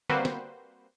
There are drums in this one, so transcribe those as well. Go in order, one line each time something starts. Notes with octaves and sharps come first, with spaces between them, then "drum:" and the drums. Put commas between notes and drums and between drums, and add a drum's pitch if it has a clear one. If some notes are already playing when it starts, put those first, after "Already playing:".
G3 A#3 C4 F#4 B4 C5, drum: tom D3
drum: snare